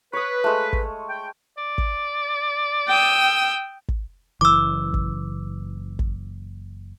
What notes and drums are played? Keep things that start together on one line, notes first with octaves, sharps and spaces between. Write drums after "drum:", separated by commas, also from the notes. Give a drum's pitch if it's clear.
B4 C#5 D#6
G#3 A3
drum: kick
G5
D5
drum: kick
G5 D#6 E6
drum: kick
F#1 E3 D6 E6
drum: kick
drum: kick